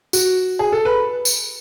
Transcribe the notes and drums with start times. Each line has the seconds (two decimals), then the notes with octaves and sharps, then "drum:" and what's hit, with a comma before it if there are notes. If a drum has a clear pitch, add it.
0.13 F#4, drum: tambourine
0.59 G#4
0.72 A4
0.85 B4
1.25 drum: tambourine